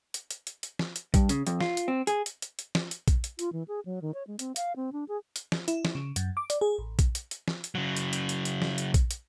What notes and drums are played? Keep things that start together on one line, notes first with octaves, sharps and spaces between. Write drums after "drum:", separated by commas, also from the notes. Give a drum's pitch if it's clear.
drum: hi-hat
drum: hi-hat
drum: hi-hat
drum: hi-hat
drum: snare
drum: hi-hat
G2, drum: kick A#1, hi-hat
C#3, drum: hi-hat
F2, drum: hi-hat
F4, drum: snare
drum: hi-hat
C4
G#4, drum: hi-hat
drum: hi-hat
drum: hi-hat
drum: hi-hat
drum: snare
drum: hi-hat
drum: kick A#1, hi-hat
drum: hi-hat
F4, drum: hi-hat
E3
G#4
F#3
D#3
C#5
G#3
C4, drum: hi-hat
F5, drum: hi-hat
C4
D4
G#4
drum: hi-hat
drum: snare
E4, drum: hi-hat
drum: snare
C#3
F#2, drum: hi-hat
D6
D5, drum: hi-hat
G#4
A1
drum: kick A#1, hi-hat
drum: hi-hat
drum: hi-hat
drum: snare
drum: hi-hat
C#3 F#3
drum: hi-hat
drum: hi-hat
drum: hi-hat
drum: hi-hat
drum: snare
drum: hi-hat
drum: kick A#1, hi-hat
drum: hi-hat